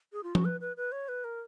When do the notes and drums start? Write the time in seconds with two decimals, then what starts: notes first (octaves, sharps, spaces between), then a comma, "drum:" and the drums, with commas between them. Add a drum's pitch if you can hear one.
0.13 G#4
0.23 F4
0.35 F#4, drum: tom F3
0.45 B4
0.61 B4
0.77 B4
0.92 C#5
1.09 B4
1.24 A#4